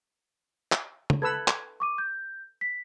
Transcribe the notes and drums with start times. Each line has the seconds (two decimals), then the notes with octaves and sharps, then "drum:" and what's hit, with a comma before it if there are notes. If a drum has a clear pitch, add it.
0.72 drum: clap
1.10 drum: tom
1.22 A4 B4 E6 G#6
1.48 drum: clap
1.80 C#6 D6 D#7
1.98 G6
2.61 B6